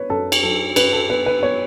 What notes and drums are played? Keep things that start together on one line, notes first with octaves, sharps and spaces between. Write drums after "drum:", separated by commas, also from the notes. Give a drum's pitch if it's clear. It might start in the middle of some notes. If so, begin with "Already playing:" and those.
Already playing: B3 B4 C#5
F#2 A4
drum: cymbal
F#3 A4
F#2 B4, drum: cymbal
A4
B3 B4
B4
B3 C#5